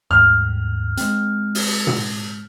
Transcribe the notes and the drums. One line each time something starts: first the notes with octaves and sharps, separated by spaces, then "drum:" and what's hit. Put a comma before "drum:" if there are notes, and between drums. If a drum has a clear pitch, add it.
D#2 G#2 G3 F6
G#3 C4, drum: hi-hat
drum: open hi-hat
drum: tom